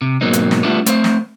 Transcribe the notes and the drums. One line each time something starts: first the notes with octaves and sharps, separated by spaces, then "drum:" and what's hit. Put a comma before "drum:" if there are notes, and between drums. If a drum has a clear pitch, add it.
C3
G#2 B2 F#3 A#3 C4 D#4
drum: hi-hat
drum: snare
G3 A3 B3 D4 E4 F4
A3 C4 C5, drum: hi-hat
drum: snare